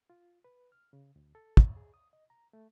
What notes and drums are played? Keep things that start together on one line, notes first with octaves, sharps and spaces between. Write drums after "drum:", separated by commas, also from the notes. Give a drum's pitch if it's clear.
F4
B4
F6
C#3
D2
A4
D2, drum: kick
G#4
D#6
D#5
A#5
A3